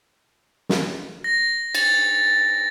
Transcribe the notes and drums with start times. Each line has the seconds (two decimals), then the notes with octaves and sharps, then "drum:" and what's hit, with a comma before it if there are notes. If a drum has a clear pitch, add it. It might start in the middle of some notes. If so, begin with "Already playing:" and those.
0.69 drum: snare
1.24 A#6
1.75 A6, drum: cymbal